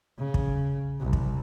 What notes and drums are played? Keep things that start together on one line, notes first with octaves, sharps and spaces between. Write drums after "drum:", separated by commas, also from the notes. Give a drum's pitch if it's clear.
C#3
drum: kick
C2
drum: kick